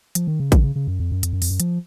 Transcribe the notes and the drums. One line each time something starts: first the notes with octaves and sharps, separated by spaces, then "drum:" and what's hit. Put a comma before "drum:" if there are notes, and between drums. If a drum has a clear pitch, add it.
F3, drum: hi-hat
D#3
C#3
D#3, drum: kick, hi-hat
C#3
C#3
F#2
F2
F#2
F2, drum: hi-hat
F#2
F2, drum: open hi-hat
F#2
F3, drum: hi-hat